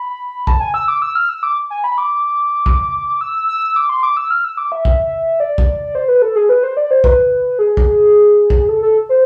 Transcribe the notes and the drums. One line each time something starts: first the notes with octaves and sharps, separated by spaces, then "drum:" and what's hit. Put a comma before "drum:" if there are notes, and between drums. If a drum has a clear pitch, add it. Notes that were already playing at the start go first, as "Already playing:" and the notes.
Already playing: B5
A5, drum: kick B1
G#5
E6
D6
E6
F6
E6
D6
G#5
B5
D6
drum: kick B1
E6
E6
D6
C6
D6
E6
F6
E6
D6
E5
drum: kick B1
D5
drum: kick B1
C5
B4
A4
G#4
B4
C5
D5
C5
B4, drum: kick B1
G#4
drum: kick B1
drum: kick B1
A4
A4
C5